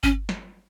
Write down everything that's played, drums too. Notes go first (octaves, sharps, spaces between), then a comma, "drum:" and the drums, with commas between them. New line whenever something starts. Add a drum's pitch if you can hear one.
C#4, drum: kick G1
drum: snare